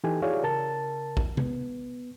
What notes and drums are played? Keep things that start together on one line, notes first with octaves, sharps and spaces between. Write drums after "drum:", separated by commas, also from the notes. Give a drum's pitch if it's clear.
E3 D#4 G4 A4 G#5
E4 F#4 G#4 C#5 D5 F5
C#3 A#4 A5 A6
drum: kick
B3, drum: tom